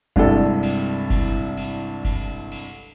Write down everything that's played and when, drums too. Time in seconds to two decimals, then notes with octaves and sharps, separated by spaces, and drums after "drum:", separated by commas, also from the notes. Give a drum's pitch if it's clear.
0.16 C2 G2 G#3 E4 G4 A4, drum: kick F#1
0.63 drum: cymbal
1.10 drum: kick F#1, cymbal
1.57 drum: cymbal
2.05 drum: kick F#1, cymbal
2.52 drum: cymbal